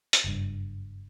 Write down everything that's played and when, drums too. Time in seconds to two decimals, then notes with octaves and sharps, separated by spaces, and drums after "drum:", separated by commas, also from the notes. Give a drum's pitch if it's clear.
0.13 drum: hi-hat
0.24 F#1 G2